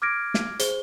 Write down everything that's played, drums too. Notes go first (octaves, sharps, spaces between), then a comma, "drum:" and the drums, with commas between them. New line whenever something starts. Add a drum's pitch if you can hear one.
D6 F6 G#6 A#6 D7
drum: snare
G#4 C5 G7, drum: hi-hat